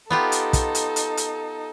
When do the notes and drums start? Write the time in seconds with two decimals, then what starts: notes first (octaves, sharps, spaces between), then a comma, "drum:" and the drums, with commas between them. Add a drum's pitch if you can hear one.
0.10 B3 D#4 F4 G4 A4
0.32 drum: hi-hat
0.53 drum: kick, hi-hat
0.75 drum: hi-hat
0.96 drum: hi-hat
1.17 drum: hi-hat